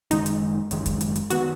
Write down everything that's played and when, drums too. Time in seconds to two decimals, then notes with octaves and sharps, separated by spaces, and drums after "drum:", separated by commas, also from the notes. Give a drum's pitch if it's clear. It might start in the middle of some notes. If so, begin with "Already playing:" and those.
0.11 F#1 F#2 D#3 G#3 D#4, drum: hi-hat
0.26 drum: hi-hat
0.71 F#1 F#2 D#3 G#3, drum: hi-hat
0.86 drum: kick, hi-hat
1.01 drum: hi-hat
1.16 drum: hi-hat
1.30 D#3 B3 F#4, drum: hi-hat